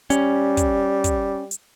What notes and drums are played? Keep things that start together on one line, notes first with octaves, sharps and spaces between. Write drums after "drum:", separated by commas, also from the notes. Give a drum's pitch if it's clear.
G3 C#4, drum: hi-hat
drum: kick, hi-hat
drum: kick, hi-hat
drum: hi-hat